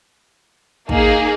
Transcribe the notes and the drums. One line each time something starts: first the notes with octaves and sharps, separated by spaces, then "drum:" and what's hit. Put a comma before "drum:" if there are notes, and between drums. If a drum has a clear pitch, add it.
A#3 D#4 G#4, drum: kick